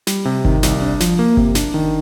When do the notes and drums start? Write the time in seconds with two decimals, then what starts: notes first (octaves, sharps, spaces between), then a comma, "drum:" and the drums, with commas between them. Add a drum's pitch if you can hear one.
0.07 G3, drum: snare
0.25 C3
0.45 D#3, drum: kick G1
0.63 C2, drum: snare
0.82 D4
1.00 F3, drum: snare
1.19 A#3
1.37 C3, drum: kick G1
1.55 D4, drum: snare
1.74 D#3